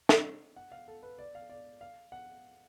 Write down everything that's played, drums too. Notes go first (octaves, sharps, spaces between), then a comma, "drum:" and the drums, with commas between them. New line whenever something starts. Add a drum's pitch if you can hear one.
drum: snare
F#5
F5
A4
B4
D5
F5
D5
F5
F#5